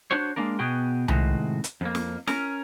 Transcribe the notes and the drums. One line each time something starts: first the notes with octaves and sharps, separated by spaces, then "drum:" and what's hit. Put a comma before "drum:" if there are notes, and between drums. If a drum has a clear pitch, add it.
D4 F#4 C5 C#5
G#3 A#3 D4 A#4
B2 B3 F#4 G#4 G5
A2 C3 D#3 G#3 F#4, drum: tom C2
drum: hi-hat
F2 A#3
drum: snare
C#4 A#4, drum: snare